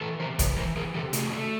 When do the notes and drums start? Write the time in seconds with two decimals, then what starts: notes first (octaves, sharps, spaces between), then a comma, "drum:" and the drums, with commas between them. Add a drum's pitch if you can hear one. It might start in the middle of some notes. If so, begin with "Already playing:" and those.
0.01 E3 A4 B4
0.20 C3 A#4 C5
0.39 E3 B4 C#5, drum: kick, hi-hat
0.57 E3 A#4 C5
0.77 E3 G#4 A#4
0.95 C3 G4 A4
1.13 A3 F#4 G#4, drum: hi-hat
1.31 A3